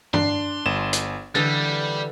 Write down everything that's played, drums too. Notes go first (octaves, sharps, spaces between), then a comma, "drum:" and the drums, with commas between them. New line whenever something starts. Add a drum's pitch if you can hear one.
D4 C6, drum: tom G2
G1 E7
drum: hi-hat
D3 E3 G3 D#5 A6